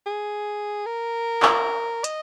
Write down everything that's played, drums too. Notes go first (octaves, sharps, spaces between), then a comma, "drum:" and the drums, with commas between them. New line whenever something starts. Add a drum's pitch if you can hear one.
G#4
A#4
drum: clap
D#5, drum: hi-hat